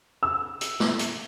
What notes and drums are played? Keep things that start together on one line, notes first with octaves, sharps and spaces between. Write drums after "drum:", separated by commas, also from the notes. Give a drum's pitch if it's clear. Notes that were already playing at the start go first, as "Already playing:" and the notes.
E6
drum: hi-hat
drum: snare
drum: hi-hat